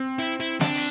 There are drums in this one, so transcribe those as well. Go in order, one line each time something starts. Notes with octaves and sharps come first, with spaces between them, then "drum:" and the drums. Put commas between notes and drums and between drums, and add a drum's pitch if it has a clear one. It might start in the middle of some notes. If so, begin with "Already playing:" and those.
Already playing: C4
E4, drum: hi-hat
E4
D4, drum: snare
drum: open hi-hat